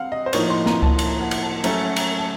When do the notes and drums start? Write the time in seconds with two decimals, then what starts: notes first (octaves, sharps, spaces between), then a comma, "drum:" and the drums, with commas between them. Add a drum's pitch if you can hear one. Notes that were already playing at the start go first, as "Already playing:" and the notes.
Already playing: C4 F5 F#5
0.12 D#5
0.26 C5
0.33 A2 F3 A#3 D#4 C#5, drum: cymbal
0.50 C6
0.66 A#5, drum: snare
0.83 A5, drum: kick C#2
0.99 drum: cymbal
1.20 F#5
1.31 drum: cymbal
1.43 A5
1.64 F#3 A3 C#4 A4 A#5, drum: cymbal
1.96 A#5, drum: cymbal
2.19 A5